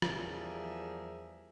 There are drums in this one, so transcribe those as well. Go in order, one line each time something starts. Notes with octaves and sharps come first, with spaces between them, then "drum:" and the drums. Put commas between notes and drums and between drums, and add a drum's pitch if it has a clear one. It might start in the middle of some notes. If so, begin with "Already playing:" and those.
E2 F3 G3 G#4 A#4 E5, drum: rim click